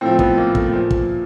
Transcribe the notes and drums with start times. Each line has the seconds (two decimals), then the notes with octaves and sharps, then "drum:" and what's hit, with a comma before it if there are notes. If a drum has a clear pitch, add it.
0.01 A2 F3 C4
0.11 C4
0.19 B3, drum: kick
0.38 A#3
0.55 A3, drum: kick
0.73 A#2 F3
0.91 drum: kick